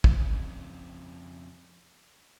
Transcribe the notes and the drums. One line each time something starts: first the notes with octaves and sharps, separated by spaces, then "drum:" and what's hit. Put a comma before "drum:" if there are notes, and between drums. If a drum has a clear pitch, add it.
F2 C#3, drum: kick